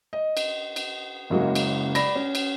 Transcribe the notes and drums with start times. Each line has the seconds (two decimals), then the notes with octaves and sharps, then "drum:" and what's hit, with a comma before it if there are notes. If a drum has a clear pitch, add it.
0.13 D#5
0.37 drum: cymbal
0.76 drum: cymbal
1.30 F#1 C#3 F#3 G#3 A#3 F#4
1.55 drum: cymbal
1.95 D5 B5 A#6, drum: cymbal
2.15 C#4
2.35 drum: cymbal